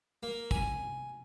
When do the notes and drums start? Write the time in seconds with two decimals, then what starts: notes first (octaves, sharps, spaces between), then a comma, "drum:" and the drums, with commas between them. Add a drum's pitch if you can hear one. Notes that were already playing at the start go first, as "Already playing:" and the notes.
0.23 A#3
0.51 G#5, drum: kick